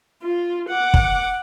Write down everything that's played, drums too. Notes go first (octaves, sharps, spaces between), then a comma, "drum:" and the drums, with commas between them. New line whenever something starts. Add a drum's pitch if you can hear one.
F4
F#5 D6
drum: kick